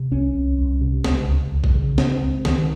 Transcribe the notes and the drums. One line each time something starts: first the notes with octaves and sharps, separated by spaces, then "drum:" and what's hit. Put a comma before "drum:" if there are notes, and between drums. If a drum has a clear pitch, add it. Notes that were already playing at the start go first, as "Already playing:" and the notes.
Already playing: C3
C2 C#4
C2
C2
C3
C#2, drum: snare
C#2
C#2
drum: kick A#1
C#3
C#3 C4, drum: snare
C#2
C#2 D#3, drum: snare